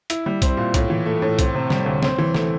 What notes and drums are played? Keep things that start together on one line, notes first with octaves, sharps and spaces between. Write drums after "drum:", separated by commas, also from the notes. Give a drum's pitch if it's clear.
E4, drum: hi-hat
G3
C4, drum: kick C2, hi-hat
A#2
A2, drum: kick C2, hi-hat
E3
A3
A2
C4, drum: kick C2, hi-hat
C3
G3, drum: snare
D2
C4, drum: snare
E3
A3, drum: snare